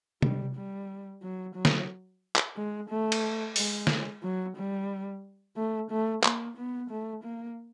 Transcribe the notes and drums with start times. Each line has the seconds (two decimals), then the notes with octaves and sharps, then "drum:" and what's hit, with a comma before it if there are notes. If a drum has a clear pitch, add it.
0.22 G3, drum: tom C3
0.56 G3
1.23 F#3
1.55 F#3
1.65 drum: snare
2.36 drum: clap
2.57 G#3
2.89 A3
3.12 drum: cymbal
3.56 G#3, drum: open hi-hat
3.87 drum: snare
4.23 F#3
4.57 G3
5.56 A3
5.91 A3
6.23 A#3, drum: clap
6.57 B3
6.90 A3
7.24 A#3